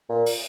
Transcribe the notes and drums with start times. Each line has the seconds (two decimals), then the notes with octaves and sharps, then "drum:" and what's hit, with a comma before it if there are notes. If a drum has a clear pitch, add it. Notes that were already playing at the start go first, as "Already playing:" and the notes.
0.09 A#2
0.26 drum: open hi-hat